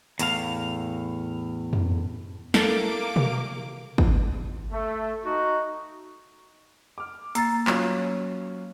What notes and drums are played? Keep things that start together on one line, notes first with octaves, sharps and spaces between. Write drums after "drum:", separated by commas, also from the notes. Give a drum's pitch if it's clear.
E2 A2 F5, drum: hi-hat
drum: tom F2
A#3 E4 A4 D6, drum: snare
drum: tom B2
drum: kick
A3
D#4 F#4
D6 F6
A#3 A#5 E6 A6 C7, drum: hi-hat
F#3 C#4 F4, drum: clap